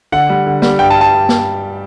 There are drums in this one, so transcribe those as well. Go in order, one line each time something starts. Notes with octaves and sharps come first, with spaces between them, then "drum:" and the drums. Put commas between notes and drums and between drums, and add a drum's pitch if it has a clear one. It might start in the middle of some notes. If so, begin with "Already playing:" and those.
D3 F#5
G3
D3
G3, drum: snare
G2 G5
A5
A5
drum: snare